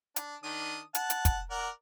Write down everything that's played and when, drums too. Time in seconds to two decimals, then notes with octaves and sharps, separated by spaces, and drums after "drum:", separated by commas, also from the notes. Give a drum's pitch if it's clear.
0.16 D4, drum: hi-hat
0.44 D#3 D4 D#6
0.95 F#5 A5, drum: hi-hat
1.10 drum: hi-hat
1.25 drum: kick, hi-hat
1.51 A#4 D5 F#5